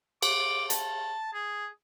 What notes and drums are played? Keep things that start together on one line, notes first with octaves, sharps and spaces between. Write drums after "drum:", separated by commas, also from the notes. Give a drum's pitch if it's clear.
D6, drum: cymbal
A5, drum: hi-hat
G#4